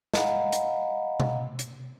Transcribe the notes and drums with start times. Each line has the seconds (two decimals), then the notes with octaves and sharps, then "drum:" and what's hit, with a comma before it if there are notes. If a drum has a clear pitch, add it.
0.14 D#5 F5 F#5 G#5 A#5 B5, drum: snare
0.52 drum: hi-hat
1.20 drum: tom B2
1.59 drum: hi-hat